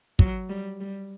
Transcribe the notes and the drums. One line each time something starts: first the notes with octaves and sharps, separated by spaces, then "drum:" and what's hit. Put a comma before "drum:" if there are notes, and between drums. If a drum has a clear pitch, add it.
F#3, drum: kick
G3
G3